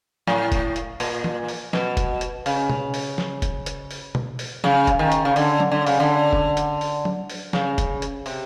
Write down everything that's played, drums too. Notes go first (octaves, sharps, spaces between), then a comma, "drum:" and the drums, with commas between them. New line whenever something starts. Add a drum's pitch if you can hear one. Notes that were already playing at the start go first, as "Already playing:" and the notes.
A2, drum: snare
drum: kick, hi-hat
drum: hi-hat
A#2, drum: open hi-hat
drum: tom E3
drum: open hi-hat
B2, drum: snare
drum: kick, hi-hat
drum: hi-hat
C#3, drum: open hi-hat
drum: tom
drum: open hi-hat
drum: snare
drum: kick, hi-hat
drum: hi-hat
drum: open hi-hat
drum: tom
drum: open hi-hat
C#3, drum: snare
drum: kick, hi-hat
D#3
drum: hi-hat
C#3
D3, drum: open hi-hat
drum: tom F#3
D3
C#3, drum: open hi-hat
D3
drum: kick
drum: hi-hat
drum: open hi-hat
drum: tom F#3
drum: open hi-hat
C#3, drum: snare
drum: kick, hi-hat
drum: hi-hat
C3, drum: open hi-hat